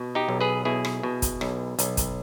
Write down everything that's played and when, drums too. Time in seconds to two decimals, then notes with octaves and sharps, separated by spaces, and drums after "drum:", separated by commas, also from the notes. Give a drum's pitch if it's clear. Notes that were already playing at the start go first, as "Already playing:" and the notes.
Already playing: B2
0.15 D#4 G4
0.29 B1
0.41 G#4 B4
0.65 B2 E4 G#4
0.85 drum: rim click
1.03 B2
1.22 drum: kick, hi-hat
1.41 B1, drum: rim click
1.79 B1, drum: hi-hat
1.97 drum: kick, hi-hat